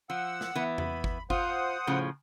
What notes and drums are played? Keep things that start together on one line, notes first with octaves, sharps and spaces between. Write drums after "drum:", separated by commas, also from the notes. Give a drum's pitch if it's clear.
F3 F#5 E6
drum: snare
E3 B3
B5, drum: tom E2
drum: kick G1
F4 C5 F#5 D#6, drum: kick G1
A2 C#3 F3